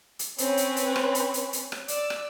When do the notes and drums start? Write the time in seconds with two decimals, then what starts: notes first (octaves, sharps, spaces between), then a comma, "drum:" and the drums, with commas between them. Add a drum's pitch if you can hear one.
0.19 drum: hi-hat
0.38 C4 C#4 B4 C#5 B5, drum: hi-hat
0.57 drum: hi-hat
0.76 drum: hi-hat
0.96 drum: rim click
1.15 drum: hi-hat
1.34 drum: hi-hat
1.53 drum: hi-hat
1.72 drum: rim click
1.88 D5 E6, drum: hi-hat
2.10 drum: rim click